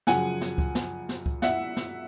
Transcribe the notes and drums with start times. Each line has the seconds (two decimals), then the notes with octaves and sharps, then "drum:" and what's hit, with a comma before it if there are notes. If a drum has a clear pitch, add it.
0.07 F#2 C#3 F3 F#5 G#5, drum: snare
0.41 drum: snare
0.58 drum: kick C#2
0.75 drum: snare
1.09 drum: snare
1.26 drum: kick C#2
1.42 E5 F#5, drum: snare
1.77 drum: snare